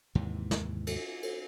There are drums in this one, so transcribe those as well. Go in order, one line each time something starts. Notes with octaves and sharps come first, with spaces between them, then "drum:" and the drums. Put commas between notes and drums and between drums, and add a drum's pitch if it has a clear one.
D#2 G#2 C3 E3
drum: snare
drum: cymbal
drum: cymbal